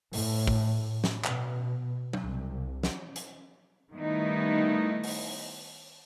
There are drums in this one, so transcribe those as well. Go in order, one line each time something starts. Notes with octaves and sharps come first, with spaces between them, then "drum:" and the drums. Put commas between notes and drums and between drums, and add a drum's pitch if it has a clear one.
A2, drum: open hi-hat
drum: kick
drum: snare
B2, drum: clap
drum: tom F#3
C2
drum: snare
drum: hi-hat
D#3 G3 A3 B3 D#4 E4
drum: open hi-hat